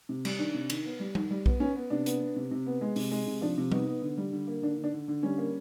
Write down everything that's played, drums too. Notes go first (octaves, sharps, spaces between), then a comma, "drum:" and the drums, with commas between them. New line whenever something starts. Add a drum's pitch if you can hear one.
C3
G3, drum: cymbal
D#3 D4
C3
D#3, drum: cymbal
B3
G3
D#3, drum: tom G3
G3
B3, drum: kick B1
B3 C#4
B3
C3 D4
B3, drum: hi-hat
B3
C3
C3
B3
G#3
C3, drum: open hi-hat
G#3
C3
F3 D4
C3
B3 D#4, drum: tom G3
B3
D3
G3
D3
A#3
D3 D4
D3
D4
D3
D3
G3 C#4
A#3